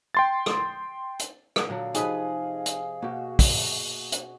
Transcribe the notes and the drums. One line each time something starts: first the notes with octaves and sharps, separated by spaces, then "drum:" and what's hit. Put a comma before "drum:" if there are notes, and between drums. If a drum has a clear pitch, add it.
G5 C6 A6
drum: rim click
drum: hi-hat
drum: rim click
A#2 D3 F#3 F5
C3 F3 D#4 G#4 B4 D#5 B5 D#6, drum: hi-hat
drum: hi-hat
B2 A#3 F#4 G4
drum: kick, open hi-hat
drum: hi-hat